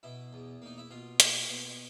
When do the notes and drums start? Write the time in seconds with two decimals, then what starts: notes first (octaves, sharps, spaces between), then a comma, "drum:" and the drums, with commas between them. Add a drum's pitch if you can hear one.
0.03 B2 E4
0.33 E2
0.62 A#3 D#4
0.78 E4
0.91 B2 F4
1.20 A#3, drum: hi-hat
1.49 B2